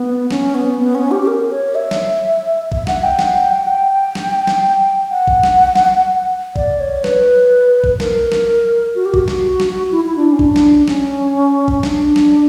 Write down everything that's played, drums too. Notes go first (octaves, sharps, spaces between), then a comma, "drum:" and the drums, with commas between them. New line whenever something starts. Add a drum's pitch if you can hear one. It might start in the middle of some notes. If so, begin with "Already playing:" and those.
Already playing: B3
C#4, drum: snare
B3
B3
C#4
G4
G4
A#4
C#5
E5
drum: snare
E5, drum: kick A1
F#5, drum: snare
G5
F#5, drum: snare
G5
F#5
G5
G5
drum: snare
drum: snare
F#5
drum: kick A1
drum: snare
drum: snare
D5, drum: kick A1
C#5
B4, drum: snare
drum: kick A1
A#4, drum: snare
drum: snare
F#4
G4
F#4, drum: kick A1
drum: snare
drum: snare
E4
E4
D4
C#4
D4, drum: kick A1
drum: snare
C#4, drum: snare
drum: kick A1
D4, drum: snare
drum: snare